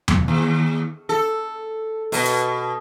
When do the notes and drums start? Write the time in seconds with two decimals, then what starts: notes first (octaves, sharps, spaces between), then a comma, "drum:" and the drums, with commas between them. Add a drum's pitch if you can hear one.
0.08 drum: tom E2
0.28 D#2
1.09 A4
2.12 B2, drum: open hi-hat
2.26 drum: hi-hat